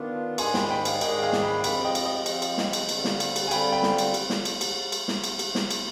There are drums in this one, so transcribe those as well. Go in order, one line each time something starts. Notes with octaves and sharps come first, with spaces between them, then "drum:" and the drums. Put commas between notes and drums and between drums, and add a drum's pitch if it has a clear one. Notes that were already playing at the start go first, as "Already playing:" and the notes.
Already playing: D#3 B3 D4 F4
G#2 D#3 G#3 D4 G#4 G#5 C6, drum: cymbal
G5 B5, drum: snare
G#5
G5 B5
F5 G#5, drum: cymbal
G#2 D#3 G#3 D4 G#4 D#5 G5, drum: cymbal
F5 G#5
drum: snare
G5 B5
F3 G#3 C4 G5 B5, drum: cymbal
D#5 G5
drum: cymbal
D#5 G5
F3 G#3 C4, drum: cymbal
drum: cymbal
drum: snare
drum: cymbal
D3 G3 C4 F4, drum: cymbal
drum: snare
drum: cymbal
drum: cymbal
G#5
D3 G3 C4 F4 G5 B5, drum: cymbal
G5 B5
drum: snare
drum: cymbal
drum: cymbal
drum: snare
drum: cymbal
drum: cymbal
drum: cymbal
drum: snare
drum: cymbal
drum: cymbal
drum: snare
drum: cymbal